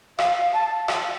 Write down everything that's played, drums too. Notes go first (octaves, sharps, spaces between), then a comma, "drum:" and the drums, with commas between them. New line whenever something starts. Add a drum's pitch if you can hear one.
F5, drum: rim click
A5
drum: rim click